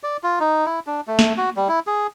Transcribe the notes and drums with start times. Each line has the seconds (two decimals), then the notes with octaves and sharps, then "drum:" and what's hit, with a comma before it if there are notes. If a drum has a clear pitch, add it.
0.03 D5
0.23 F4
0.40 D#4
0.66 E4
0.87 D4
1.07 A3
1.19 drum: snare
1.37 F#4
1.56 G3
1.68 E4
1.87 G#4